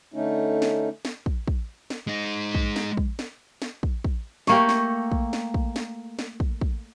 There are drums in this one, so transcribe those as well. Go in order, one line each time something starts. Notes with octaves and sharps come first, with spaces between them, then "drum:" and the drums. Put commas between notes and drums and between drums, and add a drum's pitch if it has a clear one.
D3 A3 C#4 D#4
drum: snare
drum: snare
drum: kick
drum: kick
drum: snare
G#3 D#4
drum: kick
drum: snare
drum: kick
drum: snare
drum: snare
drum: kick
drum: kick
A3 A#3 G4 C#6 A#6, drum: snare
drum: snare
drum: kick
drum: snare
drum: kick
drum: snare
drum: snare
drum: kick
drum: kick